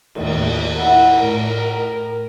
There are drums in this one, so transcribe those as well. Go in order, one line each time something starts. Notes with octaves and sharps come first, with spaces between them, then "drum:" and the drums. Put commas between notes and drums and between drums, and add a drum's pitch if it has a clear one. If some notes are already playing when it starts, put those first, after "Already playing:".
D#2 A2, drum: cymbal
E4 F#5
A2 A#4